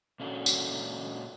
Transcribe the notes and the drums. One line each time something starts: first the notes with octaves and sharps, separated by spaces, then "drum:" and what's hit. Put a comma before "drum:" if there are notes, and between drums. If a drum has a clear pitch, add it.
A#2 C#4 D4 F#4 A4
drum: tambourine